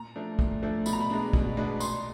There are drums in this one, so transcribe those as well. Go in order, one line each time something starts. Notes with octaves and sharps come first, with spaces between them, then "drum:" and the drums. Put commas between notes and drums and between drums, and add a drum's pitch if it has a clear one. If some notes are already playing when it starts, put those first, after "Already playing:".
Already playing: A#2 A#5
F3 A3 D4
A#2, drum: kick
F3 A3 D4
B2 B5, drum: tambourine
A#5
B5
G#3 B3 D4
B2, drum: kick
G#3 B3 D4
A#2 C6, drum: tambourine